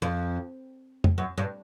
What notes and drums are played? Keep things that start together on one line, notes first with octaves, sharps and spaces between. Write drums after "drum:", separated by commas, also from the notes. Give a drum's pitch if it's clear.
F2
drum: tom F2
F#2
G2